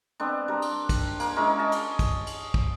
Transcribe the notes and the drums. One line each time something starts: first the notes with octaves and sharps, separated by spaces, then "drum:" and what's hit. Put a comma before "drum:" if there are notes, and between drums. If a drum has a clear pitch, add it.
B3 C4 D4
G3 A#4
drum: cymbal
drum: kick, cymbal
A#3, drum: cymbal
G#3 C#4 E4 A#4
D#5 A5
drum: cymbal
drum: kick, cymbal
drum: cymbal
drum: kick